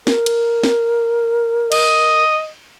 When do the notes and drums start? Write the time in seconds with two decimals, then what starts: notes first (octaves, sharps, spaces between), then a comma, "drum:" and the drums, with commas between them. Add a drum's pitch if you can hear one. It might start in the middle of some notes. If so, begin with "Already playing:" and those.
0.07 A#4, drum: snare
0.26 drum: cymbal
0.63 drum: snare
1.72 D#5, drum: cymbal